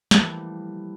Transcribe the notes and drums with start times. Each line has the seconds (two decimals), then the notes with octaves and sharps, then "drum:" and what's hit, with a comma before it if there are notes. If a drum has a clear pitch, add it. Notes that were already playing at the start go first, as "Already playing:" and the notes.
0.11 E3 F3 G3 A3 A#3, drum: snare